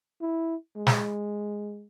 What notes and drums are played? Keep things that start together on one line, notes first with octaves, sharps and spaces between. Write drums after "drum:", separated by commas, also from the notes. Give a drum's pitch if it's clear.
E4
G#3
drum: snare